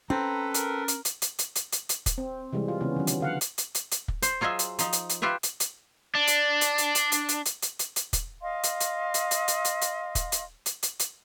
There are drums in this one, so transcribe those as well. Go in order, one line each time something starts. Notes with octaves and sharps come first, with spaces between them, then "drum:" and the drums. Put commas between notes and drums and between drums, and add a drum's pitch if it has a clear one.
C4 C#4 A4 B4 A#5
A#4, drum: hi-hat
drum: hi-hat
drum: hi-hat
drum: hi-hat
drum: hi-hat
drum: hi-hat
drum: hi-hat
drum: hi-hat
drum: kick, hi-hat
C4
C3 E3 G3 G#3
F4
C#3 E3 B3 C#4
D#3 F#3
drum: hi-hat
D3 F5 F#5
drum: hi-hat
drum: hi-hat
drum: hi-hat
drum: hi-hat
drum: kick
C5, drum: hi-hat
F#3 F4 G#4 D#5 E5
drum: hi-hat
F3 D#4, drum: hi-hat
drum: hi-hat
drum: hi-hat
F4 G4 B4 E5
drum: hi-hat
drum: hi-hat
D4
drum: hi-hat
drum: hi-hat
drum: hi-hat
drum: hi-hat
drum: hi-hat
drum: hi-hat
drum: hi-hat
drum: hi-hat
drum: hi-hat
drum: hi-hat
drum: kick, hi-hat
D#5 F5 C6
drum: hi-hat
drum: hi-hat
drum: hi-hat
drum: hi-hat
drum: hi-hat
drum: hi-hat
drum: hi-hat
drum: kick, hi-hat
drum: hi-hat
drum: hi-hat
drum: hi-hat
drum: hi-hat